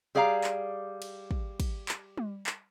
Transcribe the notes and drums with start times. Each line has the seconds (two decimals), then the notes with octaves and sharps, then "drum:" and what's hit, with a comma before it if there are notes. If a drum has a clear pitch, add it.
0.15 G3 G#4 D5 F5 A#5
0.44 drum: clap
1.02 drum: cymbal
1.31 drum: kick
1.60 drum: kick, cymbal
1.89 drum: clap
2.18 drum: tom G3
2.46 drum: clap